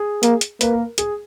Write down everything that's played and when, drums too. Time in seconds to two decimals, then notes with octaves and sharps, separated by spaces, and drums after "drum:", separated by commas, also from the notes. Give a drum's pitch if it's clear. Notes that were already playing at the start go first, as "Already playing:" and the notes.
Already playing: G#4
0.23 A#3, drum: hi-hat
0.41 drum: hi-hat
0.61 A#3 B4, drum: hi-hat
0.73 A#4
0.98 G#4, drum: hi-hat